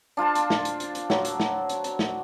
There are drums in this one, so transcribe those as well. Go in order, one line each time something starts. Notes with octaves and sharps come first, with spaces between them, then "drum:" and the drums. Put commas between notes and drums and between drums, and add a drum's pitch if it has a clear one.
D4 F4 C5 A5
drum: hi-hat
drum: snare
drum: hi-hat
drum: hi-hat
drum: hi-hat
F#3, drum: snare
drum: hi-hat
drum: snare
drum: hi-hat
drum: hi-hat
drum: snare